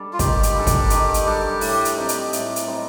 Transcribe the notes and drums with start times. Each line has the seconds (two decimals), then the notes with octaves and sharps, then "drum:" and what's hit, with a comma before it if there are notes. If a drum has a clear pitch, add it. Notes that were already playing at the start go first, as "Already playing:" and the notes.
Already playing: G3 D4 A4
0.13 F4
0.19 D#3 G4, drum: kick, hi-hat
0.43 drum: hi-hat
0.55 G3 D4 A4
0.67 drum: kick, hi-hat
0.90 D#3, drum: hi-hat
1.14 drum: hi-hat
1.26 G3 D4 A4
1.61 A2, drum: open hi-hat
1.85 drum: hi-hat
1.97 G3 C4 D#4
2.09 drum: hi-hat
2.33 A2, drum: hi-hat
2.56 drum: hi-hat
2.67 G3 C4 D#4